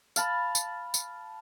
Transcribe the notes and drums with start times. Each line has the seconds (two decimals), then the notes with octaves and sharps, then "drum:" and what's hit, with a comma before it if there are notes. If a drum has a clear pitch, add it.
0.16 F5 A5 B5, drum: tambourine
0.55 drum: tambourine
0.94 drum: tambourine